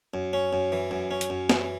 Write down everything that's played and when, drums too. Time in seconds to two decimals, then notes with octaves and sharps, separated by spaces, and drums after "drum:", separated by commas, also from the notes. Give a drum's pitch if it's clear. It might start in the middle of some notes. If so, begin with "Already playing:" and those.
0.14 F#2
0.33 C#4
0.53 F#2
0.72 E3
0.91 F#2
1.11 C#4
1.21 drum: hi-hat
1.30 F#2
1.49 E3, drum: snare